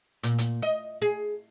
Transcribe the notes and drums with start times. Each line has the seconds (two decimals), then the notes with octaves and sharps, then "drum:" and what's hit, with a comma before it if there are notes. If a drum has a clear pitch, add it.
0.23 A#2, drum: hi-hat
0.38 drum: hi-hat
0.62 D#5
1.02 G#4